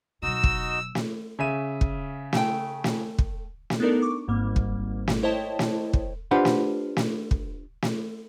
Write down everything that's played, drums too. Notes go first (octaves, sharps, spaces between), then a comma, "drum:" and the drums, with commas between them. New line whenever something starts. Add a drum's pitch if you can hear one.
B2 F#3 D#4 F#4 D#5 E6 E7
drum: kick
drum: snare
C#3 E5 D#7
drum: kick
A3 G5, drum: snare
drum: snare
drum: kick
drum: snare
B3 D4 D#4 A4 A#4 D5
C#6 D6
G#1 G#2 G3 A#3
drum: kick
drum: snare
E4 C5 C#5 D#5 G5 A5
drum: snare
drum: kick
D4 F4 G4 B4 C5 F#5
drum: snare
drum: snare
drum: kick
drum: snare